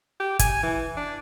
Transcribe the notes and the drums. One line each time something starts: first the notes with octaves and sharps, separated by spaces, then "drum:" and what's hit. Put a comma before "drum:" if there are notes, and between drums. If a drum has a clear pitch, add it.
G4
G#5, drum: kick, hi-hat
E3
D4